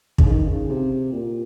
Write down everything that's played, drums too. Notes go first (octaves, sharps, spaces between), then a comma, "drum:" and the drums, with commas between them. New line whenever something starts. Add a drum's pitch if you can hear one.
C#3, drum: kick
D#3
C#3
C3
A#2